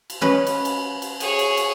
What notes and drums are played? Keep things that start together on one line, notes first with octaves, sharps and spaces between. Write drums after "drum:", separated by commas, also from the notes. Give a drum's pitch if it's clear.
drum: cymbal
C#4 B4 D#5
drum: cymbal
drum: cymbal
drum: cymbal
G#4 C#5, drum: cymbal
drum: cymbal
drum: cymbal